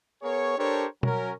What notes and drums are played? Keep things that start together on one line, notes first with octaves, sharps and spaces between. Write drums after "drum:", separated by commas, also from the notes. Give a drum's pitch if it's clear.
B3 G#4 A#4 C#5
D4 G4 A4 A#4 C5 C#5
F#3 C#4 A#4, drum: tom B2